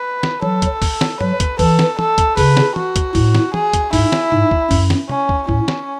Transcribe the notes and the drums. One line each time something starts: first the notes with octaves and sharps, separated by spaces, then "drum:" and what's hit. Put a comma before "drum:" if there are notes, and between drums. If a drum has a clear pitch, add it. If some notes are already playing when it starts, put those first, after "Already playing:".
Already playing: B4
drum: snare
F#3 A4, drum: tom
drum: kick, hi-hat
drum: kick, open hi-hat
drum: snare
F#3 B4, drum: tom
drum: kick, hi-hat
E3 A4, drum: kick, open hi-hat
drum: snare
A4, drum: tom
drum: kick, hi-hat
C#3 B4, drum: kick, open hi-hat
drum: snare
F#4, drum: tom
drum: kick, hi-hat
A2, drum: kick, open hi-hat
drum: snare
G#4, drum: tom
drum: kick, hi-hat
G#2 E4, drum: kick, open hi-hat
drum: snare
G#2, drum: tom
drum: kick
F#2, drum: kick, open hi-hat
drum: snare
C#4, drum: tom
drum: kick
A2 C#4, drum: kick
drum: snare